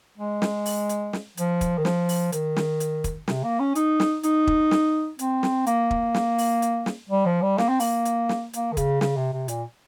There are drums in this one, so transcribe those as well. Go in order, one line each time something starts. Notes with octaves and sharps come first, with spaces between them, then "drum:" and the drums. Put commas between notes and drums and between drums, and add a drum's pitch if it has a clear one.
G#3
drum: snare
drum: open hi-hat
drum: hi-hat
drum: snare
F3, drum: hi-hat
drum: kick, hi-hat
D#3
F3, drum: snare
drum: open hi-hat
D#3, drum: hi-hat
drum: snare
drum: hi-hat
drum: kick, hi-hat
C3, drum: snare
A#3
C#4
D#4, drum: hi-hat
drum: snare
D#4, drum: hi-hat
drum: kick
drum: snare
C4, drum: hi-hat
drum: snare
A#3, drum: hi-hat
drum: kick
drum: snare
drum: open hi-hat
drum: hi-hat
drum: snare
G3
F3
G3
A#3, drum: snare
C4
A#3, drum: open hi-hat
drum: hi-hat
drum: snare
A#3, drum: hi-hat
D#3
C#3, drum: kick, hi-hat
C#3, drum: snare
C3
C3
A#2, drum: hi-hat